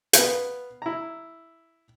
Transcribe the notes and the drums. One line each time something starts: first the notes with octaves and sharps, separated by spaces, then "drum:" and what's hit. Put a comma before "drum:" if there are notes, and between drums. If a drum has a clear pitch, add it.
B3 F5, drum: hi-hat
E4 A#5